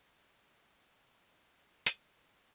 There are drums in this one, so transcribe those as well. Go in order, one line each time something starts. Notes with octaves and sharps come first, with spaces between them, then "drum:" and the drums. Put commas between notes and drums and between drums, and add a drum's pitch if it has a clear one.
C5 C#5 F5 G#5 A#5
A#2
G4 A#4 C5 G#5
drum: hi-hat
E2 E3 E4